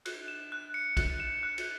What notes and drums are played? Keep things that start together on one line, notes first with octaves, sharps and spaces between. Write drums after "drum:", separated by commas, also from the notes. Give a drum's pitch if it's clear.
F#6, drum: cymbal
E7
F#6
C#7
F#6, drum: kick, cymbal
E7
F#6
drum: cymbal